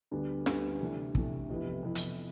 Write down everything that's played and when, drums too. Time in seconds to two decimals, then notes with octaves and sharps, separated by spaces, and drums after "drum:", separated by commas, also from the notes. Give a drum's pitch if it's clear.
0.11 D2 D3 G3 B3 D4
0.46 D2 D3 G3 B3 D4, drum: snare
0.80 C3 E3 A3 D4
1.15 C3 E3 A3 D4, drum: kick
1.49 F2 C3 E3 B3 E4
1.83 F2 C3 E3 B3 E4
1.95 drum: hi-hat